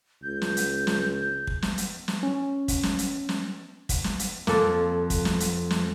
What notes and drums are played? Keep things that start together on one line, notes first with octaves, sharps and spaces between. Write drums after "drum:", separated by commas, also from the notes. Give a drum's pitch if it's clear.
C#2 G6
drum: snare
drum: hi-hat
drum: snare
drum: kick
drum: snare
drum: hi-hat
drum: snare
C#4
drum: kick, hi-hat
drum: snare
drum: hi-hat
drum: snare
drum: kick, hi-hat
drum: snare
drum: hi-hat
F2 A#3 A4, drum: snare
drum: kick, hi-hat
drum: snare
drum: hi-hat
drum: snare